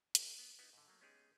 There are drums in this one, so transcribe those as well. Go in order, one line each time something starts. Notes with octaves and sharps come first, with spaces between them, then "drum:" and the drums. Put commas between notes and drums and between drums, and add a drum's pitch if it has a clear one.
G#1 G#2 G#4, drum: hi-hat
B3 G5
B3 D#4 E4 F#4 B4
G#2 D3
F#3 A3 A#3
G#3 B3 C#4 D#4 G4 G#4